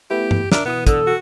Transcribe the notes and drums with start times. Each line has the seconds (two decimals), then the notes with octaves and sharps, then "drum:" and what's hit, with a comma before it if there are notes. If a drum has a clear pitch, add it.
0.10 A3 B3 E4 G4
0.31 drum: tom G2
0.52 D4 A#4 E5 F6, drum: snare
0.66 B2 E3 B3 D#6
0.87 D3 A4, drum: kick, hi-hat
1.07 F#4